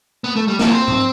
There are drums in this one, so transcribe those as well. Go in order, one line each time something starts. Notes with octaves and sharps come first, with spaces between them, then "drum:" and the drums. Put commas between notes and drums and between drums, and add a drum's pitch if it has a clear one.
B3
A3
G3
D#3, drum: snare
C4
drum: tom G#2